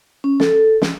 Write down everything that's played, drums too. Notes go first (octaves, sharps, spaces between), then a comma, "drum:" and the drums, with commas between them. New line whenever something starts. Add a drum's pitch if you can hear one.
C#4
A4, drum: snare
drum: snare